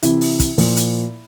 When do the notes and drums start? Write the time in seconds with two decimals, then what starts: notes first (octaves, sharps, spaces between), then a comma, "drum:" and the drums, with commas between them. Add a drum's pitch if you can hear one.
0.03 C3 E3 E4, drum: hi-hat
0.21 drum: open hi-hat
0.40 drum: kick, hi-hat
0.58 A#2 F3, drum: open hi-hat
0.77 drum: hi-hat